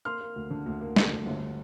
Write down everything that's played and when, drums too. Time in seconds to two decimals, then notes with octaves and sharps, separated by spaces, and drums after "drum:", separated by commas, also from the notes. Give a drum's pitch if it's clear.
0.05 A#3 C6 F6
0.21 A#3
0.36 D2
0.50 D3
0.66 D2
0.81 A#3
0.96 D3, drum: snare
1.12 D2
1.26 G1